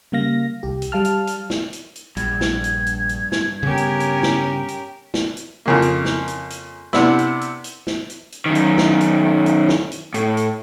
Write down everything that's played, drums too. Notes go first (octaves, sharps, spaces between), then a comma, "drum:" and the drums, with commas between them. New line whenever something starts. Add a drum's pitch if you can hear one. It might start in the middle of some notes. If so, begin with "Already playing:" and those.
C#3 G3 A#3 F5 A#6
C2 G4
drum: hi-hat
G3 F5 A5 F6
drum: hi-hat
drum: hi-hat
drum: snare
drum: hi-hat
drum: hi-hat
A#1 G2 G#6, drum: hi-hat
drum: snare
drum: hi-hat
drum: hi-hat
drum: hi-hat
drum: snare
C#3 B3 C#4 G4 A#4
drum: hi-hat
drum: hi-hat
drum: snare
drum: hi-hat
drum: snare
drum: hi-hat
F2 C#3 A#3
drum: hi-hat
drum: snare
drum: hi-hat
drum: hi-hat
C3 B3 D4 E4, drum: snare
drum: hi-hat
drum: hi-hat
drum: hi-hat
drum: snare
drum: hi-hat
drum: hi-hat
F#2 D#3
drum: hi-hat
drum: snare
drum: hi-hat
drum: hi-hat
drum: snare
drum: hi-hat
A2, drum: hi-hat
drum: hi-hat